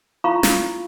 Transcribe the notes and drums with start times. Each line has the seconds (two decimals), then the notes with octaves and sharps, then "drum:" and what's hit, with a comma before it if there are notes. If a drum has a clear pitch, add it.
0.24 E4 F4 F5 A#5 B5 C#6
0.43 drum: snare